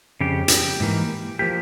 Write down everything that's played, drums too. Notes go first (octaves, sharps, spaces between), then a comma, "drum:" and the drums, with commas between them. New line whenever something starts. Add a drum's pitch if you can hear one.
F2 C#3 G4
drum: hi-hat
G#2 E3 A#3
F3 A#3 G4